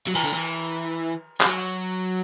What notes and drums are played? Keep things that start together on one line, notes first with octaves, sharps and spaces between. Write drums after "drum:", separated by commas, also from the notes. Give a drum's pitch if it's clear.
F#3
E3, drum: cymbal
D3
E3
G3, drum: clap
F#3